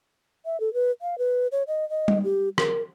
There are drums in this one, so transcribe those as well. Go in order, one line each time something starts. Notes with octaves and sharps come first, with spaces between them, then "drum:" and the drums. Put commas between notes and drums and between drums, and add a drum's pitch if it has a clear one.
E5
A4
B4
F5
B4
C#5
D#5
D#5
drum: tom G3
G4
A#4, drum: rim click